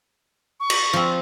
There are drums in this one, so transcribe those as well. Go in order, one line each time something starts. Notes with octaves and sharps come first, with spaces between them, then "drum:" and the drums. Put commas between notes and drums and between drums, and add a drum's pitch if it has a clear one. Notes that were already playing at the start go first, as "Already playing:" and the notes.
C#6
drum: cymbal
F3 C4